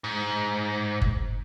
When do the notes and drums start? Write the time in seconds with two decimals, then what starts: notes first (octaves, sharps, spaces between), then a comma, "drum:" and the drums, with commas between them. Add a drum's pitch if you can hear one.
0.04 G#2
1.02 drum: kick F#1